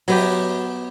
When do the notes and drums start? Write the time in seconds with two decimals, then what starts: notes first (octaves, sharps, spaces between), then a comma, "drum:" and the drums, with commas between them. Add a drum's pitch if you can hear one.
0.08 F#3 B3 G4, drum: open hi-hat